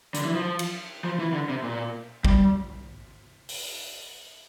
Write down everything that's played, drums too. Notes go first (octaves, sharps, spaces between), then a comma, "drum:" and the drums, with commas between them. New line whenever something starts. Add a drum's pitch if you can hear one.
D3, drum: hi-hat
E3
F3
drum: cymbal
F3
E3
D3
C3
A#2
G3, drum: kick
drum: open hi-hat